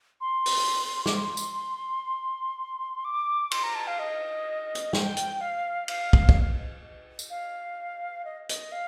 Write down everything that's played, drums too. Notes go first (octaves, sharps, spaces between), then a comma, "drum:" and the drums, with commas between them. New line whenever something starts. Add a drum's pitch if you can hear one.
C6
drum: open hi-hat
D6, drum: snare
C6
drum: tambourine
D6
C6, drum: cymbal
A#5
A5
F5
D#5
drum: hi-hat
G5, drum: snare
drum: hi-hat
F5
F5, drum: cymbal
drum: kick
drum: kick
drum: tambourine
F5
D#5
D#5, drum: hi-hat
F5